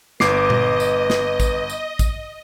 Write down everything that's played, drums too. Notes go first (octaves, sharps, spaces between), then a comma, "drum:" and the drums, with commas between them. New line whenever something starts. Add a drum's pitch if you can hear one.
G1 B4 D#5 D6 C7, drum: snare
drum: tom A#2
drum: tambourine
drum: snare
drum: kick, tambourine
drum: tambourine
drum: kick, tambourine